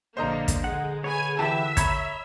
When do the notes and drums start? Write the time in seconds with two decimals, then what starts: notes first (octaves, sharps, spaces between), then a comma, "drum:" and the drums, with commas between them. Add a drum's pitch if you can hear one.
0.17 A#1 D3 A#3 C5 D#5 A#5
0.48 drum: kick, hi-hat
0.64 D3 G#3 F#5
1.04 G#4 B4 C#5 G#5
1.39 E3 G4 B4 E5 A5
1.77 C#5 A#5 B5 G#6, drum: kick, hi-hat